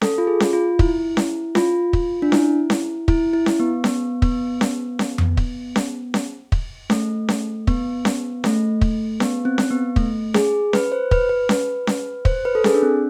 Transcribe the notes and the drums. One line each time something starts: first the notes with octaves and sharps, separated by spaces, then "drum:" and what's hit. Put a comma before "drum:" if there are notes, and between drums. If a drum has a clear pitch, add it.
A4, drum: snare C#4
F4
G#4
drum: snare C#4
F4
E4, drum: kick
drum: snare C#4
F4, drum: snare C#4
drum: kick
D4
E4, drum: snare C#4
drum: snare C#4
E4, drum: kick
E4
drum: snare C#4
B3
B3, drum: snare C#4
B3, drum: kick
drum: snare C#4
drum: snare C#4
drum: tom F2
drum: kick
drum: snare C#4
drum: snare C#4
drum: kick
A3, drum: snare C#4
drum: snare C#4
B3, drum: kick
drum: snare C#4
A3, drum: snare C#4
drum: kick
B3, drum: snare C#4
C4
drum: snare C#4
B3
A3, drum: kick
G#4, drum: snare C#4
B4, drum: snare C#4
C5
B4, drum: kick
B4
drum: snare C#4
drum: snare C#4
C5, drum: kick
B4
A4
G#4, drum: snare C#4
D4
C4